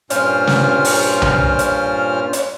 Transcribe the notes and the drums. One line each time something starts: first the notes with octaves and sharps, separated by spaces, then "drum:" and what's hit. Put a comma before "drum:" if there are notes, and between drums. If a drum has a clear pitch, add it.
G2 A#2 C#4 F4 C5 F6, drum: hi-hat
drum: snare
drum: open hi-hat
drum: tom B1
drum: hi-hat
drum: hi-hat